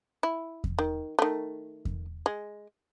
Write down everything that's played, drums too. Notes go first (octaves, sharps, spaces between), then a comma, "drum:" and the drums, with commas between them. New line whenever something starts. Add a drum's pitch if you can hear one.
E4
drum: kick E2
D#3
D#3 A3
drum: kick E2
G#3